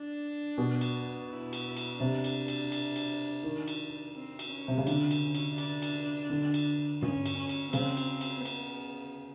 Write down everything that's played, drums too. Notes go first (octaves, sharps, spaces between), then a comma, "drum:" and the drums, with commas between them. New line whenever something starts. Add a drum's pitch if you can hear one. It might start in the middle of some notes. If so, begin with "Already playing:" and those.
Already playing: D4
B2
drum: cymbal
E4
drum: cymbal
E4
drum: cymbal
C3 D4
drum: cymbal
drum: cymbal
drum: cymbal
drum: cymbal
D#3
drum: cymbal
C4
drum: cymbal
C#4
C3
C#3
D3 D4, drum: cymbal
drum: cymbal
C#4
drum: cymbal
D4, drum: cymbal
drum: cymbal
D3
drum: cymbal
C#4, drum: tom
drum: cymbal
C#4
drum: cymbal
C#3 C4, drum: cymbal
drum: cymbal
drum: cymbal
B3, drum: cymbal